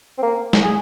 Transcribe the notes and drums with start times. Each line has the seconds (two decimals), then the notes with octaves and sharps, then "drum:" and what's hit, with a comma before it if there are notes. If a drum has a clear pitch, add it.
0.18 C4
0.23 A#3
0.53 drum: snare
0.63 G#4